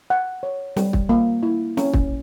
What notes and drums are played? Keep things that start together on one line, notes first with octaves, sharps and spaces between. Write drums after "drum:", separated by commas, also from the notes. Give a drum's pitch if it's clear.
F#5
C#5
G3, drum: snare
drum: kick
A#3
E4
C#4, drum: snare
drum: kick